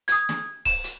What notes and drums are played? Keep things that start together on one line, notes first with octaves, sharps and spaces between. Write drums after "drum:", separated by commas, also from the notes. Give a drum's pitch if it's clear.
D#6 G#6, drum: hi-hat
drum: snare
E7, drum: kick C#1, open hi-hat
drum: hi-hat